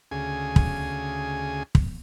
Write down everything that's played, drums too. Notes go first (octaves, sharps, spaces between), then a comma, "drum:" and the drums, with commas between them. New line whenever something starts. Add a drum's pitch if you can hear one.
D2 C#3 G#4 G#5
drum: kick
drum: kick